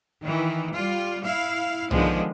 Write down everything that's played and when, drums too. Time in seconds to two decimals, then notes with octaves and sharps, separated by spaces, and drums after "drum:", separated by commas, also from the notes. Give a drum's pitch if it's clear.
0.23 D#3 E3
0.74 G3 F4
1.24 E4 F5
1.91 D3 D#3 F3 G#3 B3, drum: tom B1